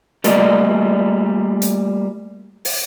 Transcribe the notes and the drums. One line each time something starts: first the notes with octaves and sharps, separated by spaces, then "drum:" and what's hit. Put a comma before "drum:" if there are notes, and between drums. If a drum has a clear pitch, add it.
G3 A3 A#3 F4 D5 D#5, drum: hi-hat
drum: hi-hat
drum: open hi-hat